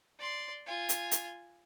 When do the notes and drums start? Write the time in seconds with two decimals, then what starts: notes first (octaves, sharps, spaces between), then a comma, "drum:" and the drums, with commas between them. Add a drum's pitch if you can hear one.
0.19 D5 C6
0.66 F4 G#5
0.89 drum: hi-hat
1.11 drum: hi-hat